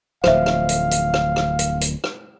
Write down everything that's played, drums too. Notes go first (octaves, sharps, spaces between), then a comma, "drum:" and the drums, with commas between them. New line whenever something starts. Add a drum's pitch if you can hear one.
D1 F3 C5 E5 F5, drum: rim click
drum: rim click
drum: hi-hat
drum: hi-hat
drum: rim click
drum: rim click
drum: hi-hat
drum: hi-hat
drum: rim click